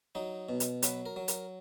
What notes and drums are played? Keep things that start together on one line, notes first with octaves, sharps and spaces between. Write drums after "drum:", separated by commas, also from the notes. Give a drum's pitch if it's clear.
F#3 D#4
B2
drum: hi-hat
F#3 B4, drum: hi-hat
A#4
F#3
A#4, drum: hi-hat